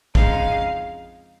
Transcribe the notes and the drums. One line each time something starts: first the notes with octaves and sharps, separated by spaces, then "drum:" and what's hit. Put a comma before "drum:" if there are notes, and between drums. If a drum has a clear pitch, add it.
F2 C#3 G#3 D#4 F5, drum: kick